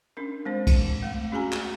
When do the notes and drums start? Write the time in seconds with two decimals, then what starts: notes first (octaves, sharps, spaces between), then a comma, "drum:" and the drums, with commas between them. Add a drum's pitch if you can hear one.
0.17 C#4 D4 A#4
0.45 G#3 C4 C5
0.67 drum: kick, cymbal
1.03 A3 F5
1.32 C#4 F#4 G#4 G#5 A#5
1.53 drum: clap